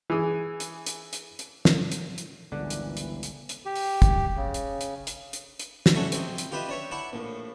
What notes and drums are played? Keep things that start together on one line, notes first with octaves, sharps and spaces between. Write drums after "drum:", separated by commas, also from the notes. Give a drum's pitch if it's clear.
E3 G#4
drum: hi-hat
drum: hi-hat
drum: hi-hat
drum: hi-hat
drum: snare
drum: hi-hat
drum: hi-hat
G1 C#2 A#2 D3 E3
drum: hi-hat
drum: hi-hat
drum: hi-hat
drum: hi-hat
G4
drum: open hi-hat
drum: kick, hi-hat
C#3
drum: hi-hat
drum: hi-hat
drum: hi-hat
drum: hi-hat
drum: hi-hat
drum: snare
C#4 D4 F#4 A4 E5 G#5
C4 E4 D#5, drum: hi-hat
drum: hi-hat
F4 G4 B4 D#5 E5
D4 C#5 E5
D4 E4 E5 F#5
A#1 A2